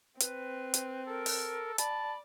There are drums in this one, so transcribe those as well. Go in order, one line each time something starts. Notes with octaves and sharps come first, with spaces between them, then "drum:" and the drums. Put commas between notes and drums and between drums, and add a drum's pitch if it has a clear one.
C4 B4, drum: hi-hat
drum: hi-hat
A4 A#4
drum: open hi-hat
D5 A5 B5, drum: hi-hat